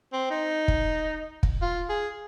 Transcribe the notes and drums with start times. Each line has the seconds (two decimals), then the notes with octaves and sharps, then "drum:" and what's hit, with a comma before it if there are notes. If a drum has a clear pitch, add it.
0.13 C4
0.31 D#4
0.68 drum: kick
1.43 drum: kick
1.62 F4
1.89 G#4